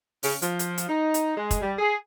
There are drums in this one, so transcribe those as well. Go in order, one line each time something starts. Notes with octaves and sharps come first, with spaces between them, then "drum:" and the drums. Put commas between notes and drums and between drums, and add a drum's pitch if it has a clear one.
C#3, drum: open hi-hat
F3, drum: hi-hat
drum: hi-hat
drum: hi-hat
D#4
drum: hi-hat
G#3
drum: kick, hi-hat
G3
G#4